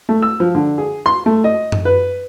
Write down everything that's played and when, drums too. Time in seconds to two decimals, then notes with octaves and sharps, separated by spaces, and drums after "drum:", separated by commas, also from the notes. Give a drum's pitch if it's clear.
0.09 A3
0.22 E6
0.40 F3
0.55 D3
0.78 G#4
1.06 C6
1.26 A3
1.44 D#5
1.72 drum: tom F#2
1.85 B4